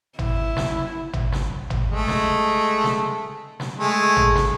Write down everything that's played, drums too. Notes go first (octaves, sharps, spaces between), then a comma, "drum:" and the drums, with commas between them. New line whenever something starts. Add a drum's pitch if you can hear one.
E4, drum: tom G#1
drum: snare
drum: tom G#1
drum: snare
drum: tom G#1
G#3 A3
drum: snare
drum: snare
drum: snare
G#3 A3
drum: tom G#1
drum: snare